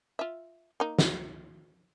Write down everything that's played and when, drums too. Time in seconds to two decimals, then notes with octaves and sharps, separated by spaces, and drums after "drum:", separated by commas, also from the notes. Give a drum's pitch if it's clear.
0.19 F4 E5
0.80 A#3 D#4
0.99 drum: snare